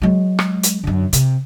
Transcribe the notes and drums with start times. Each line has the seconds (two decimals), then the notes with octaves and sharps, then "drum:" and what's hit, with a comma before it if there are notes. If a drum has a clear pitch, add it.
0.02 F#3 G#3
0.39 drum: rim click
0.63 drum: hi-hat
0.84 F#2 D3
1.13 C3, drum: hi-hat